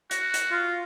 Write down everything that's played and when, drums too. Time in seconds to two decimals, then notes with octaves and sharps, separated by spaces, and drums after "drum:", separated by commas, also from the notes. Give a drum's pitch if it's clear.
0.11 F#4, drum: hi-hat
0.34 drum: hi-hat
0.51 F4